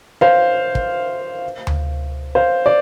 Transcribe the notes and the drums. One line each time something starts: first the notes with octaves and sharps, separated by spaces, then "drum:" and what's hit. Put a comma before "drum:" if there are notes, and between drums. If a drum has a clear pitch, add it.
C5 F5
drum: kick
drum: tom D2
C5 F5
D5